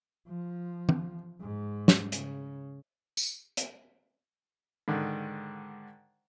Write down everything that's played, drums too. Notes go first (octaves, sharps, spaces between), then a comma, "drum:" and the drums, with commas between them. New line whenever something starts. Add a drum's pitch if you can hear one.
F3
drum: tom
G#2
drum: snare
C#3, drum: hi-hat
drum: tambourine
drum: hi-hat
G#2 D3 D#3